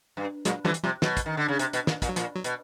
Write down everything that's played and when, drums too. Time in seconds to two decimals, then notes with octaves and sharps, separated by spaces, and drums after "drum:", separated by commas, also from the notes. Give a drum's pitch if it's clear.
0.17 G2
0.45 A#2 F#3 G#3, drum: hi-hat
0.65 D3 E3 F3 G3
0.74 drum: hi-hat
0.83 C3 F3 G3
1.02 B2 F#3, drum: snare
1.17 drum: kick, hi-hat
1.26 D#3
1.37 D3
1.48 C#3
1.59 C3, drum: hi-hat
1.73 B2, drum: hi-hat
1.87 A#2, drum: snare
2.02 A#2, drum: kick, hi-hat
2.09 F#3
2.16 A#2 F3, drum: hi-hat
2.35 F#3
2.44 B2, drum: hi-hat